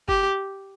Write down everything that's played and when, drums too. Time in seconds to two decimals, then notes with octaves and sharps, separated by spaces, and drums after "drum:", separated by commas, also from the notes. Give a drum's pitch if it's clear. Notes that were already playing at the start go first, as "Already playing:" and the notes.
0.09 G4, drum: kick F#1